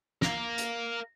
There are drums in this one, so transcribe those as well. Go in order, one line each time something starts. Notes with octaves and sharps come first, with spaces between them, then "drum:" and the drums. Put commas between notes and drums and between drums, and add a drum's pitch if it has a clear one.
A#4 F5, drum: snare
drum: hi-hat